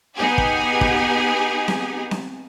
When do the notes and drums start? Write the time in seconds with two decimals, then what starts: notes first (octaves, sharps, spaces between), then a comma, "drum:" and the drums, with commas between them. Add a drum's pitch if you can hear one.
0.16 B3 D#4 G4 G#4 G#5
0.38 drum: kick
0.81 drum: kick
1.68 drum: snare C4
2.11 drum: snare C4